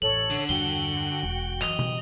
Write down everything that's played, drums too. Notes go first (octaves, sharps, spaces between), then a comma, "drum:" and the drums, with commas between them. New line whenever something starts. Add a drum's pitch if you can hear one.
A1 E2 A4 C#5 F#7
D3
E2 G2 F#4 G5 G7
E1
F#2 E3 D#5 F7, drum: clap
drum: tom